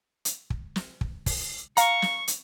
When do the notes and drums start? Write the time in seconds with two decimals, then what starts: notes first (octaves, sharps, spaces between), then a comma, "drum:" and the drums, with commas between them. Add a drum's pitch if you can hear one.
0.25 drum: hi-hat
0.50 drum: kick
0.76 drum: snare
1.01 drum: kick
1.26 drum: kick, open hi-hat
1.77 F5 A#5 C#6, drum: hi-hat
2.02 drum: snare
2.28 drum: hi-hat